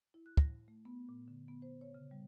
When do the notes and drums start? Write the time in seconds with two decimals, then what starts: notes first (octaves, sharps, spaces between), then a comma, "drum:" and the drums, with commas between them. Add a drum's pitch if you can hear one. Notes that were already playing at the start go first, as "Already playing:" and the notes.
0.14 E4
0.26 F#6
0.37 A#6, drum: kick
0.68 A3
0.85 B3
1.09 A#2
1.28 D3
1.48 B3
1.62 C5
1.81 C#5
1.94 C#3
2.11 G3